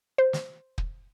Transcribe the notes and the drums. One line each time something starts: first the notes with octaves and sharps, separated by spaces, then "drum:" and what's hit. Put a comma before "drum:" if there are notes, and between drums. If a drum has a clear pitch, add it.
C5
drum: snare
drum: kick